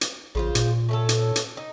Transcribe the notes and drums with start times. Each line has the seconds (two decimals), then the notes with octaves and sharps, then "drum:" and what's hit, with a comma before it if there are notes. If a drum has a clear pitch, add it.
0.01 drum: hi-hat
0.35 A1 C#3 F4 C5
0.55 A#2, drum: hi-hat
0.89 A3 C#4 A4
1.09 drum: hi-hat
1.36 drum: hi-hat
1.57 D#4